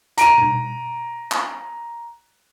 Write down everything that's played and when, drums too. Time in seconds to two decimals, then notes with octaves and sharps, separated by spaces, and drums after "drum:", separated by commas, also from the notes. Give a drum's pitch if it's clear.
0.18 A#5 D7 D#7, drum: hi-hat
0.38 drum: tom B2
1.31 drum: clap